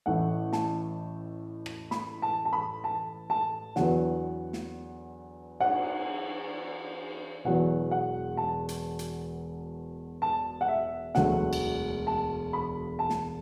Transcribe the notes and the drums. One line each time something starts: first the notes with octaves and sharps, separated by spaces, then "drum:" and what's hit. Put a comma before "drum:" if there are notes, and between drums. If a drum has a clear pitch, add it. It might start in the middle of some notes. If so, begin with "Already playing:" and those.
A1 A2 A3 F#5
A5, drum: snare
drum: rim click
B5, drum: snare
A5
A5
B5
A5
A5
E2 D3 F#3 B3 F#5, drum: snare
drum: snare
F#5, drum: cymbal
E1 E2 B2 F#3 B3 F#5
F#5
A5
drum: hi-hat
drum: hi-hat
A5
F#5
E5
E1 D2 D3 F#3 A3 F#5, drum: snare
drum: cymbal
A5
B5
A5
drum: snare